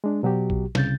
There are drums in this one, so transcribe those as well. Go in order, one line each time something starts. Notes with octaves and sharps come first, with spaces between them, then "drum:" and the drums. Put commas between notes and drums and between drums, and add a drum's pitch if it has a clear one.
G#3 D4
B2 F#3 F#4 G4
drum: kick A#1
C2 C#3 G6 A6, drum: snare